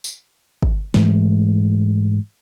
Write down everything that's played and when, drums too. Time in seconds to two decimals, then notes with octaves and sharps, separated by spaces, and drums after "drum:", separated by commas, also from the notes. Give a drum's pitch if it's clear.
0.04 drum: tambourine
0.62 drum: kick
0.94 G#2 E3 G#3 A3, drum: snare